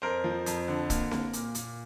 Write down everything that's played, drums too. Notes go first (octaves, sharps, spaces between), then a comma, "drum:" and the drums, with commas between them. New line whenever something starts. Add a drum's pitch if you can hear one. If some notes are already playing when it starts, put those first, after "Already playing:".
F2 A#4 C5
F3
F2, drum: hi-hat
D3
A#3, drum: kick, hi-hat
A#3, drum: snare C4
A#2, drum: hi-hat
A#2, drum: hi-hat